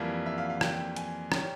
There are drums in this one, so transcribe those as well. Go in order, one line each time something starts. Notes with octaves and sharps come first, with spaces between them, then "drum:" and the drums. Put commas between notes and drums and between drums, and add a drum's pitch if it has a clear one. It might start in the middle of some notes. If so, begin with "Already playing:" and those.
Already playing: F2 E3 G3 A#3
E5
F5
F5
G5, drum: rim click
G#5, drum: hi-hat
G3 C#4 G5, drum: rim click